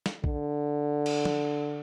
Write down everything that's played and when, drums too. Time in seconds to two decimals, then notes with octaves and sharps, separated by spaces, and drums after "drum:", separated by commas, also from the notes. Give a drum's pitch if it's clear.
0.06 drum: snare
0.24 D3, drum: kick
1.06 drum: cymbal
1.25 drum: tom